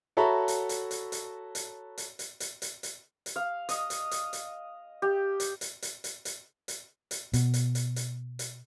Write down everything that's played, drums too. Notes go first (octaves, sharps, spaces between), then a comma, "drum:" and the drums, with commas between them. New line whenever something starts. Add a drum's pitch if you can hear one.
F#4 A4 C#5 E5 A#5 B5
drum: hi-hat
drum: hi-hat
drum: hi-hat
drum: hi-hat
drum: hi-hat
drum: hi-hat
drum: hi-hat
drum: hi-hat
drum: hi-hat
drum: hi-hat
drum: hi-hat
F5
D#5, drum: hi-hat
drum: hi-hat
drum: hi-hat
drum: hi-hat
G4
drum: hi-hat
drum: hi-hat
drum: hi-hat
drum: hi-hat
drum: hi-hat
drum: hi-hat
drum: hi-hat
B2, drum: hi-hat
drum: hi-hat
drum: hi-hat
drum: hi-hat
drum: hi-hat